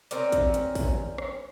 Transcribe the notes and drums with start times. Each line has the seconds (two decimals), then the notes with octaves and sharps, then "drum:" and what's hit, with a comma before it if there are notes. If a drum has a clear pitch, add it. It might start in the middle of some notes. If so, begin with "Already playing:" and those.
0.11 C4 C#4 A#4 D5, drum: hi-hat
0.32 drum: kick, hi-hat
0.54 drum: hi-hat
0.75 drum: kick, open hi-hat
1.18 drum: rim click